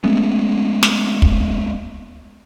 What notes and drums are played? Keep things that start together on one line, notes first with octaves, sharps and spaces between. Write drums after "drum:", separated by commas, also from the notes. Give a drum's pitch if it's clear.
G#3 A3 B3 C#4
drum: snare
drum: kick